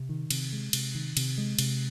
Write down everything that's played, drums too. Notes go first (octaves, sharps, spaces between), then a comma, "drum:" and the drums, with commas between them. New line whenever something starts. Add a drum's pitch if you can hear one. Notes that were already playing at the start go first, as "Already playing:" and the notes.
Already playing: C3
D#3
C3, drum: cymbal
G#3
C3, drum: cymbal
D#3
C3, drum: cymbal
G#3
C3, drum: cymbal